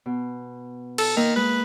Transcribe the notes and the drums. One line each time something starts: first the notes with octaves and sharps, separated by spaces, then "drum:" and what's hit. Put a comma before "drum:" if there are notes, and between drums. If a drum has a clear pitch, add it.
B2
A4, drum: cymbal
D#3 A#3
G#3 B4